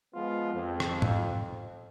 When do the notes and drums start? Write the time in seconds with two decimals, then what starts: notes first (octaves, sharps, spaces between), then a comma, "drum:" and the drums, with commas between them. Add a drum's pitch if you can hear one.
0.14 F3 G#3 B3 F4
0.55 F2
0.80 drum: rim click
1.02 drum: tom G#2